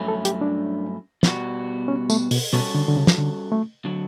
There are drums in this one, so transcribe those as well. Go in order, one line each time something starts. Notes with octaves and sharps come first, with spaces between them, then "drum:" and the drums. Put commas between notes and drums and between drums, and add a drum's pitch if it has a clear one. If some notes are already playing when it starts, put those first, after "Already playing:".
Already playing: G2 F#3 A3 C#4 E4
A4
G4, drum: hi-hat
D4
B2 G3 B3 F#4, drum: snare
C#4
A3, drum: tambourine
B2, drum: open hi-hat
B2 G3 C#4 F#4 A4 C#5
D3
D3
C#3
drum: snare
D3
A3
D3 F#3